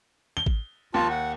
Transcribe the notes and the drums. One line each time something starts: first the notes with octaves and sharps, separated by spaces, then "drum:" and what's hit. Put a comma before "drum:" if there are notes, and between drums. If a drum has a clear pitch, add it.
G7
drum: kick A1
D#2 F4 A5
F#5